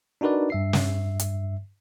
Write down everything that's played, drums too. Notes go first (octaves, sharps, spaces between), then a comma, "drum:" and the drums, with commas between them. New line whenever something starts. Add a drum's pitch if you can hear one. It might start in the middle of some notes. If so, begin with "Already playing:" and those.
D4 D#4 F#4 A#4 B4 D5
G2 E5 C7
drum: snare
drum: hi-hat